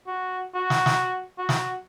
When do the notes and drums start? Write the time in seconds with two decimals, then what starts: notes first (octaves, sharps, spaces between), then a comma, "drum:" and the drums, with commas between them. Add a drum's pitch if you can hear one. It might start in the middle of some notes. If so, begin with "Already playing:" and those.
0.07 F#4
0.54 F#4
0.70 drum: snare
0.86 drum: snare
1.38 F#4
1.49 drum: snare